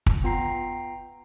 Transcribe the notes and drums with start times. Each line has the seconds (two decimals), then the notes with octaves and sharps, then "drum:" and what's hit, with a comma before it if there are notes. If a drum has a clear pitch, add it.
0.06 drum: kick
0.24 B3 F4 G5 A#5 C7